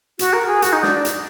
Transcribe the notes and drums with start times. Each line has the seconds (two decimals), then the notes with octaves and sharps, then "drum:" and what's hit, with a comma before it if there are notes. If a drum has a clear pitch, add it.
0.19 F#4, drum: hi-hat
0.33 A#4
0.47 G#4
0.62 F#4, drum: hi-hat
0.73 D#4
0.83 D4, drum: snare
0.94 D4
1.05 drum: hi-hat